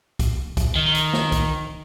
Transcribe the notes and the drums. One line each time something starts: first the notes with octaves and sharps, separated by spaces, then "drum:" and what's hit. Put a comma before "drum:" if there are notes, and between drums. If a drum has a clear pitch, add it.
drum: kick C2, hi-hat
drum: kick C2, hi-hat
D#3
drum: hi-hat
drum: snare
drum: kick C2, hi-hat